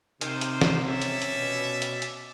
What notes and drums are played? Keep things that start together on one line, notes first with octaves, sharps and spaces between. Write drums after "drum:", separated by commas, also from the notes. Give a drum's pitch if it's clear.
C3 D#3 C5, drum: hi-hat
drum: hi-hat
drum: snare
C#4 D5 E5
drum: hi-hat
drum: hi-hat
B2
drum: hi-hat
drum: hi-hat